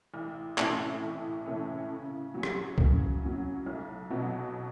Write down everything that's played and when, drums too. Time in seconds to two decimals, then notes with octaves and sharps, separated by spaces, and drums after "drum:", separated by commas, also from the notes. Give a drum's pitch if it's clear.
0.14 A1
0.58 A2 E3 A3 C#4, drum: clap
1.02 A1
1.46 A2 E3 A3 C#4
1.90 C#3
2.34 F#3 C#4
2.43 drum: rim click
2.78 C#3, drum: kick
3.22 F#3 C#4
3.66 B1
4.10 B2 F#3 B3 F#4